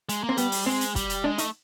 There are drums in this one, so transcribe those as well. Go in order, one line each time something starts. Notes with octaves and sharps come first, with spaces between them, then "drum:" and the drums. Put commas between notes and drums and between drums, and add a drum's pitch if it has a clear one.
G#3, drum: hi-hat
A#3
C4
G3 B3, drum: hi-hat
drum: open hi-hat
G#3 C4
drum: hi-hat
G3, drum: kick, hi-hat
drum: hi-hat
G#3 D4
A3 D#4, drum: hi-hat